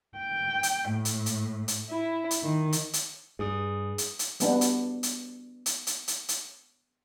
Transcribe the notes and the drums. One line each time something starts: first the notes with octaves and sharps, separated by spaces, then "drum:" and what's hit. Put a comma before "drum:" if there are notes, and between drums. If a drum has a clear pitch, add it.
G5
drum: hi-hat
A2
drum: hi-hat
drum: hi-hat
drum: hi-hat
E4
drum: hi-hat
D#3
drum: hi-hat
drum: hi-hat
G2 G#4 D#6
drum: hi-hat
drum: hi-hat
G3 B3 D4, drum: hi-hat
drum: hi-hat
drum: hi-hat
drum: hi-hat
drum: hi-hat
drum: hi-hat
drum: hi-hat